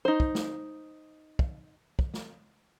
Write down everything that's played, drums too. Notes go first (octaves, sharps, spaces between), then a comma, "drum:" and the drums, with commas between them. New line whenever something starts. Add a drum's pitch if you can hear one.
D#4 C5
drum: kick
drum: snare
drum: kick
drum: kick
drum: snare